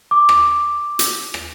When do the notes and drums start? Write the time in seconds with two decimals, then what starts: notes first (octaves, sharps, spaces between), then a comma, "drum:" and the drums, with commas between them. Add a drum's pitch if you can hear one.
0.11 D6
0.29 drum: rim click
0.99 drum: hi-hat
1.34 drum: rim click